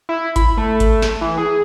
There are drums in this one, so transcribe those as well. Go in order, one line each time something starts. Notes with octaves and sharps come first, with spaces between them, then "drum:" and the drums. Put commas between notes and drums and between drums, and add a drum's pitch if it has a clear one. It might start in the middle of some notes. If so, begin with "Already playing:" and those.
E4
B5, drum: kick G#1, hi-hat
A3
drum: kick G#1, hi-hat
drum: snare
E3
G#4